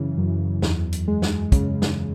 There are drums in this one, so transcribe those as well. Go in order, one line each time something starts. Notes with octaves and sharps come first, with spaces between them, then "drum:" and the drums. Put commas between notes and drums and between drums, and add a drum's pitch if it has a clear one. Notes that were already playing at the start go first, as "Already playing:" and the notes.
Already playing: F#2 C#3 E3
F#2
E2, drum: snare
drum: hi-hat
G#3
drum: snare
C#3, drum: kick, hi-hat
drum: snare